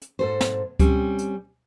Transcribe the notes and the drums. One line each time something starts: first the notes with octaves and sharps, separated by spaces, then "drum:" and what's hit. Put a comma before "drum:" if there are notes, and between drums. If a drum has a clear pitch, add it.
drum: hi-hat
G#2 A4 C5
drum: snare
G3 C4 C#4, drum: kick C#2, hi-hat
drum: hi-hat